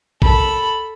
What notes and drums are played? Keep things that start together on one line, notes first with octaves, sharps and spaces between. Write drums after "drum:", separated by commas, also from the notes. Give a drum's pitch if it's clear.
A4 B5, drum: kick A#1